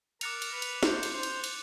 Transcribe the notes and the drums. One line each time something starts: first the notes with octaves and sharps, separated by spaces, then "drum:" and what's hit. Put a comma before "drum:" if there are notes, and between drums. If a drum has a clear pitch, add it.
A#4 D6 F#6 A6 C#7 F7, drum: cymbal
drum: cymbal
B4
drum: cymbal
C5, drum: snare
drum: cymbal
C5
drum: cymbal
drum: cymbal